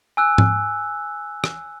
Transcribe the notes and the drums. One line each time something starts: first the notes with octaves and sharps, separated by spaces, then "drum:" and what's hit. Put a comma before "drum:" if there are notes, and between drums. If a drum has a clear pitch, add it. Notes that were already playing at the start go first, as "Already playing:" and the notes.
G#5 E6 F#6
drum: tom G#2
drum: rim click